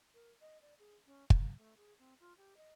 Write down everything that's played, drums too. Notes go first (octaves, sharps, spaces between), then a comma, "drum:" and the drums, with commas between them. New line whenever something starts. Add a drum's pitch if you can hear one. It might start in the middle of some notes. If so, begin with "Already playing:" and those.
A#4
D#5
D5
G#4
C#4
A#3, drum: kick
A3
G#4
C4
F4
G4
D#5